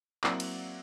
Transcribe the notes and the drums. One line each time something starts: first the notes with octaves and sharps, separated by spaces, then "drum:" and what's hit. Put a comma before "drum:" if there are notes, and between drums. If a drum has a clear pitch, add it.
F#3 A#3 C4 E4 F#4 D5, drum: clap
drum: cymbal